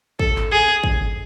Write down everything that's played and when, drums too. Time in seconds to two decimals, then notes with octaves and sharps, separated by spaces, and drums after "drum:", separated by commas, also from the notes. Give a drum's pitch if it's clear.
0.19 A4, drum: kick
0.36 drum: clap
0.51 G#4
0.84 drum: kick